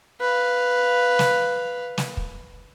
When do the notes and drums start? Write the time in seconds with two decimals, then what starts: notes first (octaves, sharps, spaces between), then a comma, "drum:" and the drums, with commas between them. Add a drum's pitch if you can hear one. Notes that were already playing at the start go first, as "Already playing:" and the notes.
0.21 B4 F5
1.19 drum: snare
1.98 drum: snare
2.17 drum: kick